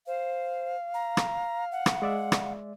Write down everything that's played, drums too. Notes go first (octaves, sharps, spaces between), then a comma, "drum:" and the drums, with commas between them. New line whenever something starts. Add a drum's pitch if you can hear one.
C5 F5
A#5
drum: rim click
F#5
drum: rim click
G#3 D5 E5
drum: rim click